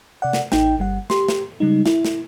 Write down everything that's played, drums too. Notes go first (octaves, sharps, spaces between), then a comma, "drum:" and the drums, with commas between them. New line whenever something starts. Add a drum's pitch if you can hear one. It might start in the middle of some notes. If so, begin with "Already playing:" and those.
C3 D5 F#5
drum: snare
A1 D#4 G5, drum: snare
G1 G3 F#5
G4 C6, drum: snare
drum: snare
C#3 G3 G#3 D#4
E4, drum: snare
drum: snare